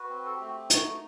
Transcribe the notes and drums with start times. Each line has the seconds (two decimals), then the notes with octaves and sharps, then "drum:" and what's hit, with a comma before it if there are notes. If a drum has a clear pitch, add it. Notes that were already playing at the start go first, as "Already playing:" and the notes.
Already playing: F#4 B4
0.09 C4
0.25 A4
0.34 G4
0.40 A3 F#4
0.53 G4
0.70 D#4 F#4, drum: hi-hat